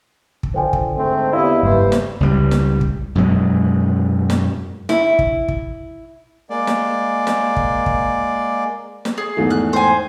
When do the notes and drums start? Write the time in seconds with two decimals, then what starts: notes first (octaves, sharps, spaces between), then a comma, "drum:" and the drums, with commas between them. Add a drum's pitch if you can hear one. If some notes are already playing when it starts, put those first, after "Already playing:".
0.43 drum: kick
0.54 D3 F3 C5 G5 G#5
0.73 drum: kick
0.96 G#2 A3 C4
1.33 E2 C3 E4 D5 D#5 F5
1.63 F#1 G2 E3 G3 A#3 C5
1.92 drum: snare
2.20 C#2 G3
2.51 drum: snare
2.81 drum: kick
3.15 F#2 B2 G#3
4.30 drum: snare
4.89 E4, drum: snare
5.19 drum: kick
5.48 drum: kick
6.50 G#3 A#3 D5
6.67 drum: snare
7.27 drum: snare
7.56 drum: kick
7.86 drum: kick
9.05 drum: snare
9.18 G#4
9.37 E2 G#2 A3
9.50 F#6
9.73 C5 G#5